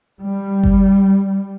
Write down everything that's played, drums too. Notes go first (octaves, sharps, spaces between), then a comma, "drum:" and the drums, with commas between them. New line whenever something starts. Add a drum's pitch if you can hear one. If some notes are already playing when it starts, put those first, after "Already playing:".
G3
drum: kick G1